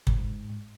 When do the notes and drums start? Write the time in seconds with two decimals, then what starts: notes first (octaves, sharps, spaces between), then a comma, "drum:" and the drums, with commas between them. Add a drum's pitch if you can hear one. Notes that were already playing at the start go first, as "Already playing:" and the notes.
0.07 G#2, drum: kick